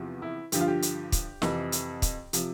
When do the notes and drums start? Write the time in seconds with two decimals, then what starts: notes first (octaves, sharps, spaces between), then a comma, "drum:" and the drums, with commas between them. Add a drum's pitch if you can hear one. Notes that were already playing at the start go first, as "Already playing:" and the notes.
Already playing: E2 C3 F3
0.22 E4
0.52 G2 D3 F3 G4, drum: hi-hat
0.60 F4
0.68 G4
0.82 drum: hi-hat
1.12 drum: kick, hi-hat
1.42 F2 C3 E3, drum: snare
1.72 drum: hi-hat
2.02 drum: kick, hi-hat
2.33 C3 F3, drum: hi-hat